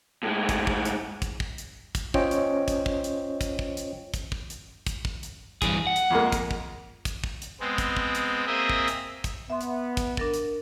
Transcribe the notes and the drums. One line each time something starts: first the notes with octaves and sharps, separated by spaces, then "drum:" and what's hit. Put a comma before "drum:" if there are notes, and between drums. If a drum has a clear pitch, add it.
A2 G#3
drum: kick, hi-hat
drum: kick
drum: hi-hat
drum: kick, hi-hat
drum: kick
drum: hi-hat
drum: kick, hi-hat
C#4 F4 C5 C#5 D#5 G5, drum: kick
drum: hi-hat
drum: kick, hi-hat
drum: kick
drum: hi-hat
drum: kick, hi-hat
drum: kick
drum: hi-hat
drum: kick, hi-hat
drum: kick
drum: hi-hat
drum: kick, hi-hat
drum: kick
drum: hi-hat
G2 E3 G#4, drum: kick, hi-hat
F#5
drum: hi-hat
F2 G#3 A#3
drum: kick, hi-hat
drum: kick
drum: kick, hi-hat
drum: kick
drum: hi-hat
G#3 B3 C4
drum: kick, hi-hat
drum: kick
drum: hi-hat
A#3 C4 G#4 D#5 E5
drum: kick
drum: hi-hat
drum: kick, hi-hat
B3 E5 C6
drum: hi-hat
drum: kick, hi-hat
D4 A#4 A6, drum: kick
drum: hi-hat